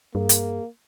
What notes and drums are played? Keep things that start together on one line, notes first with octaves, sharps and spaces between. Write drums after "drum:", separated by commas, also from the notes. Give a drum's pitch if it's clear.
G2 A#3 G#4
drum: hi-hat